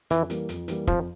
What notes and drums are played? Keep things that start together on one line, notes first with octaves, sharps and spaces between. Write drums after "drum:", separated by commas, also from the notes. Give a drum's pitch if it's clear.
F2 E3, drum: hi-hat
E3 G3 A#3, drum: hi-hat
F2, drum: hi-hat
E3 G3 A#3, drum: hi-hat
F2 F3, drum: kick